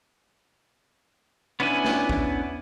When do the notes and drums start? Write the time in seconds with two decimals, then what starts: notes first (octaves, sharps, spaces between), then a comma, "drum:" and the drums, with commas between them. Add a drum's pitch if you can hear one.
1.60 B3 C#4 D4 E4 G#5
1.85 drum: snare
2.09 drum: kick